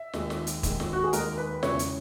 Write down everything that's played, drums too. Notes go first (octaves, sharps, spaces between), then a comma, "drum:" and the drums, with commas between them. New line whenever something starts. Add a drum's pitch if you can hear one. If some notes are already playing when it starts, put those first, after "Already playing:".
Already playing: E5
D#2 D#3 G#3, drum: snare
drum: snare
drum: hi-hat
D#2 D#3 G#3, drum: kick, hi-hat
drum: snare
F#4
G#4
D#2 D#3 G#3 A#4, drum: hi-hat
B4
E2 C#3 E3 G#3 C#5, drum: snare
drum: hi-hat